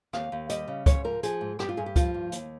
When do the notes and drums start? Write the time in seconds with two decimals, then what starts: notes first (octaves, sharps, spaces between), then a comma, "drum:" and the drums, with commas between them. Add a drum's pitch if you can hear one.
0.13 D#2 F5, drum: rim click
0.32 D#2
0.49 G3 D#5, drum: hi-hat
0.68 C#3
0.86 G#2 C#5, drum: kick C#2, hi-hat
1.04 F3 A#4
1.23 F3 G#4, drum: hi-hat
1.41 G#2
1.59 G2 G4, drum: rim click
1.69 F4
1.77 G2 G#4
1.86 G4
1.96 F3 F4, drum: kick C#2, hi-hat
2.14 G2
2.32 D#2, drum: hi-hat